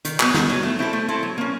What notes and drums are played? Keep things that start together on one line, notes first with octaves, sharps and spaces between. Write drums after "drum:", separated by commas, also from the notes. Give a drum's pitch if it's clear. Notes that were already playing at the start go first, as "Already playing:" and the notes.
D#3, drum: hi-hat
F#3 B3, drum: clap
D#3, drum: snare
F#3 B3
A3
C4 E4 A4
A3
C4 E4 A4
F#3
A#3 C#4